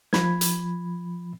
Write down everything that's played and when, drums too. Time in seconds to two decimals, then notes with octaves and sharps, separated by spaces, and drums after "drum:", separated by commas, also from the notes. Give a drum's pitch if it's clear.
0.13 F3 B5 G#6, drum: snare
0.41 drum: hi-hat